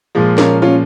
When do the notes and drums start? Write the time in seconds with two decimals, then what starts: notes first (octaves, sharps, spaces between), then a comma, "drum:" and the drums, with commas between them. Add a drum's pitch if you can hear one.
0.15 A#2 F3 G#3
0.38 A#3 C#4, drum: snare
0.62 C#4 F4